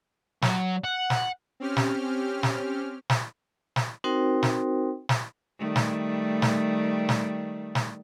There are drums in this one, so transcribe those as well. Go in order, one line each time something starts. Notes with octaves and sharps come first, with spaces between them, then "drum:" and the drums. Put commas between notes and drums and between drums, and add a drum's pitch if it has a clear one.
F#3, drum: snare
F#5
drum: snare
C4 C#4 G4 F6
drum: snare
drum: snare
drum: snare
drum: snare
C4 D#4 F#4 A#4 C5 G5
drum: snare
drum: snare
D#3 G3 A3
drum: snare
drum: snare
drum: snare
drum: snare